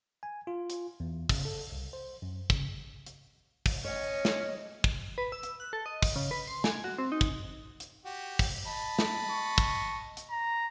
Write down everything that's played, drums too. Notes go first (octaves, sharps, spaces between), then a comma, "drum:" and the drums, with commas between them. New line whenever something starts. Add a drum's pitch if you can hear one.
G#5
F4
drum: hi-hat
E2
C#3, drum: kick, open hi-hat
A4
C2
C5
F#2
C#3, drum: kick, hi-hat
drum: hi-hat
drum: kick, open hi-hat
D2 C#4 C#5 D#5
drum: snare
drum: kick
B4
E6
drum: hi-hat
F#6
A4
D#5
drum: kick, open hi-hat
C#3
B4
C6
G#5, drum: snare
F#4
C4
D#4
drum: kick, hi-hat
drum: hi-hat
F#4 G4
drum: kick, open hi-hat
D#5 A5 B5
drum: snare
C#6
drum: kick, hi-hat
drum: hi-hat
A#5